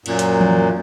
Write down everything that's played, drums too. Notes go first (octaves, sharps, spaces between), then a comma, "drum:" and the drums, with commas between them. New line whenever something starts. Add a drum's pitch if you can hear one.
F#2 A#2, drum: cymbal
drum: hi-hat
drum: tom E3